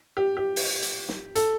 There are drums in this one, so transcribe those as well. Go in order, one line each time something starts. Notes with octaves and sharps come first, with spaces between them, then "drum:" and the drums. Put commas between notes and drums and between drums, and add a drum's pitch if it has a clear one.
G4
G4
drum: open hi-hat
drum: hi-hat
drum: snare
A4, drum: hi-hat